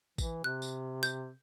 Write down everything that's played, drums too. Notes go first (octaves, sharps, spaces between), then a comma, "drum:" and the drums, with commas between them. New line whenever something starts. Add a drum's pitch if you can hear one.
E3, drum: kick A1, tambourine
C3 F#6
drum: tambourine
G6, drum: tambourine